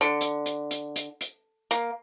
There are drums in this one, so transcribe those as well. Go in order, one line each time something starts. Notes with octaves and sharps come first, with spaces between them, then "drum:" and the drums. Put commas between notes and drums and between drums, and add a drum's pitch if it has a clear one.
D3
drum: hi-hat
drum: hi-hat
drum: hi-hat
drum: hi-hat
drum: hi-hat
A#3, drum: hi-hat